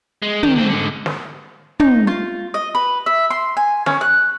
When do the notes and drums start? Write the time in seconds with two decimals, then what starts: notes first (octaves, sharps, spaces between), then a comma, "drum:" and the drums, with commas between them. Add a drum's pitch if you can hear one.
0.22 G#3
0.43 D#3, drum: tom
0.56 D3 C4
0.69 G#2 D3
1.06 drum: snare
1.80 D#4, drum: tom
2.07 F4
2.54 D#5
2.75 B4
3.06 E5
3.31 C6
3.57 G#5
3.86 C#4, drum: snare
4.01 F#6